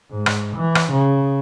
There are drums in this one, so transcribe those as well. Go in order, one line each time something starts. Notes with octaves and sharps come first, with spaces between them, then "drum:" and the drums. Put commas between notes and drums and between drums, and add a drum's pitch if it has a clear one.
G#2
drum: rim click
E3
drum: rim click
C#3